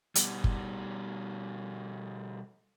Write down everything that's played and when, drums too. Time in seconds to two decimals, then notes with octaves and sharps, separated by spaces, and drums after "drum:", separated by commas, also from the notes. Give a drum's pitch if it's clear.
0.15 B2 G3, drum: hi-hat
0.44 drum: kick G1